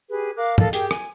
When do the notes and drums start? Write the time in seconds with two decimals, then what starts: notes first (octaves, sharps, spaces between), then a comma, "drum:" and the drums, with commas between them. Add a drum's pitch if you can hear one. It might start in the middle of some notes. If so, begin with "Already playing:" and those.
0.10 G4 G#4 B4
0.36 A#4 F5 D6 F#6
0.58 A4 A#4 D#5 F5, drum: tom G2
0.73 G4 G#4 A#4 G5, drum: hi-hat
0.91 G#5, drum: rim click